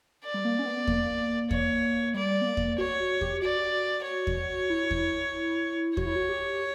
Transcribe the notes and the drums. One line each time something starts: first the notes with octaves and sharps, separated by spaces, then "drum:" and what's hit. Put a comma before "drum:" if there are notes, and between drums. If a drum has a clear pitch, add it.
D5
G3
A#3
C#4
B3
A#3, drum: kick E2
C#5, drum: kick E2
G3 D5
B3
A#3
drum: kick E2
F#4 C#5
F#4
G4, drum: kick E2
F#4 D5
C#5
drum: kick E2
E4
drum: kick E2
F#4 C#5, drum: kick E2
E4
F#4
G4